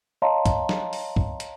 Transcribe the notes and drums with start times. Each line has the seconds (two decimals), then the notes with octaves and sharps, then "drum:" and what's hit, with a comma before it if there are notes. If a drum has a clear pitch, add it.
0.22 C#5 D#5 F5 A5 A#5 C6
0.46 drum: kick, hi-hat
0.69 drum: snare
0.93 drum: open hi-hat
1.16 drum: kick
1.40 drum: hi-hat